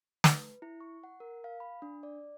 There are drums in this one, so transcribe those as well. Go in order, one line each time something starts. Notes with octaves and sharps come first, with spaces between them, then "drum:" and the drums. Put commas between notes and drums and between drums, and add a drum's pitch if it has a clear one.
B4, drum: snare
E4
C#6
F#5
A#4
F5
B5
D4
D5